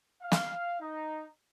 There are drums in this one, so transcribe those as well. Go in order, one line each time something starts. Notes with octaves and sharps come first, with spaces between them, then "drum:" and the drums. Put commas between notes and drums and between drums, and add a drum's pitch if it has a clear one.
F5
drum: snare
D#4